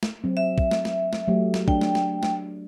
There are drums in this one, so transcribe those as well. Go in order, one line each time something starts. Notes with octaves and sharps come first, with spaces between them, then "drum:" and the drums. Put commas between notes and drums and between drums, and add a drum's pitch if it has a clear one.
drum: snare
F#3 C4
E5
drum: kick
drum: snare
drum: snare
drum: snare
F#3 A3 G4
drum: snare
D4 G5, drum: kick
drum: snare
drum: snare
drum: snare